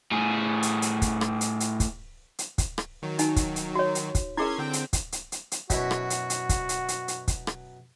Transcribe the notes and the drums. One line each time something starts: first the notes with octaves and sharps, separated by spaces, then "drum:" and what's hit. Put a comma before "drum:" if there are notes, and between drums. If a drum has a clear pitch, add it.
A2 G#4
drum: hi-hat
drum: hi-hat
drum: kick, hi-hat
drum: rim click
drum: hi-hat
drum: hi-hat
drum: kick, hi-hat
drum: hi-hat
drum: kick, hi-hat
drum: rim click
D#3 F#3
D#4 G#5, drum: hi-hat
drum: kick, hi-hat
drum: hi-hat
F#4 C#5
drum: hi-hat
drum: kick, hi-hat
C#4 E4 G#4 A#4 C6 G#6
D3 C4 G5
drum: hi-hat
drum: kick, hi-hat
drum: hi-hat
drum: hi-hat
drum: hi-hat
F#2 B2 E4 F#4, drum: kick, hi-hat
drum: rim click
drum: hi-hat
drum: hi-hat
drum: kick, hi-hat
drum: hi-hat
drum: hi-hat
drum: hi-hat
drum: kick, hi-hat
drum: rim click